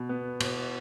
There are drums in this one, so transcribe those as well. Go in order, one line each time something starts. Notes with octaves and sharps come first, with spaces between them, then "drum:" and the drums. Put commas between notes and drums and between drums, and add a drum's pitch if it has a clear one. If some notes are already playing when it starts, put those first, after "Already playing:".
Already playing: B2
B3
B2, drum: cymbal